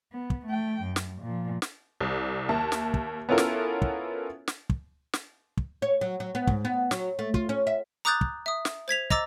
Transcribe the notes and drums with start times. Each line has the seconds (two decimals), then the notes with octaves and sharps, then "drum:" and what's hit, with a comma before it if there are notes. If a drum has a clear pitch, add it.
0.13 B3
0.30 drum: kick
0.46 A3 G5
0.83 F#2
0.96 drum: snare
1.22 A#2 F3
1.62 drum: snare
2.00 C2
2.49 D#2 E5 A5
2.72 drum: snare
2.94 drum: kick
3.29 B3 C#4 E4 F4 A4 A#4
3.38 drum: snare
3.82 drum: kick
4.48 drum: snare
4.70 drum: kick
5.13 drum: snare
5.57 drum: kick
5.82 C#5
6.01 F#3
6.20 F#3
6.35 B3
6.47 G#2, drum: kick
6.65 B3
6.91 F#3, drum: snare
7.19 A3
7.34 F4, drum: kick
7.49 C#4
7.67 E5
8.05 A#5 D6 D#6 F#6 G6 A6
8.21 drum: kick
8.46 E5 D#6
8.65 drum: snare
8.88 C5 G#6 B6 F7
9.10 D#5 A#5 D6 E6 A6, drum: kick